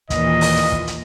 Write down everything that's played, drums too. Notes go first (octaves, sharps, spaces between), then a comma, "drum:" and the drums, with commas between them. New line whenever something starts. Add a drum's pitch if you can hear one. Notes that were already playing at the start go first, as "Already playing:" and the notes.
D#2 A#2 E3 D#5, drum: kick, hi-hat
drum: open hi-hat
drum: hi-hat
drum: kick
drum: hi-hat